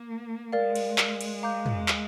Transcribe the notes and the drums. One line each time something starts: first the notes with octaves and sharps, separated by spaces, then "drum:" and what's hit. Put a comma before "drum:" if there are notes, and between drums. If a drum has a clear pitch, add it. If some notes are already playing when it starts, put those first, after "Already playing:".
Already playing: A#3
G#3 A#4 D5 F5
drum: cymbal
drum: clap
drum: cymbal
F5 A#5 D6 G6
drum: tom
drum: clap